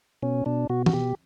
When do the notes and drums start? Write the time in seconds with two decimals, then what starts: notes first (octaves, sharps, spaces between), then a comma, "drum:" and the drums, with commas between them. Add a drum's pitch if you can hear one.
0.23 B2 C#4
0.46 B2 D4
0.70 B2 F#4
0.86 F#4, drum: tom E3
0.93 B2 G4